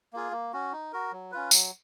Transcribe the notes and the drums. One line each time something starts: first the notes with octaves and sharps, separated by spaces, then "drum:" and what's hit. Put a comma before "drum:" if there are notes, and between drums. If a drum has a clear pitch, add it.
A#3 F4 G#4
A#3
C#4 F#4
D#4
F#4 A#4
F#3
C#4 F4 B4
F#3, drum: tambourine